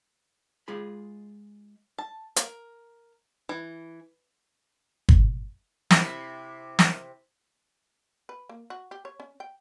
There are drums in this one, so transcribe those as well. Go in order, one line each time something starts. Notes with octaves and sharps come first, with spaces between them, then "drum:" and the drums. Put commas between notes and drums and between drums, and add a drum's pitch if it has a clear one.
G#3 F4 G#4 B5
A5
A#4, drum: hi-hat
E3
drum: kick G1
C3 E4, drum: snare
drum: snare
B4
A#3
F#4
G4
C#5
C#4
G5